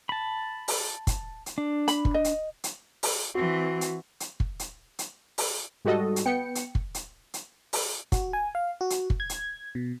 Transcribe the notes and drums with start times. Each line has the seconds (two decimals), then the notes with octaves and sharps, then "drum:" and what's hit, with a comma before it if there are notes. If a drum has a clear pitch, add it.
0.09 A5 B5
0.68 drum: open hi-hat
1.07 drum: kick, hi-hat
1.46 drum: hi-hat
1.58 D4
1.88 B5, drum: hi-hat
2.05 drum: kick
2.14 D#5
2.24 drum: hi-hat
2.64 drum: hi-hat
3.03 drum: open hi-hat
3.35 E3 C4 F#4
3.81 drum: hi-hat
4.20 drum: hi-hat
4.40 drum: kick
4.59 drum: hi-hat
4.99 drum: hi-hat
5.38 drum: open hi-hat
5.85 G#2 G3 F#4 A4 D#5
6.16 drum: hi-hat
6.26 B3 G5 C#7
6.55 drum: hi-hat
6.75 drum: kick
6.94 drum: hi-hat
7.34 drum: hi-hat
7.73 drum: open hi-hat
8.12 F#4, drum: kick, hi-hat
8.33 G#5
8.55 F5
8.81 F#4
8.90 drum: hi-hat
9.10 drum: kick
9.20 G#6
9.29 drum: hi-hat
9.75 B2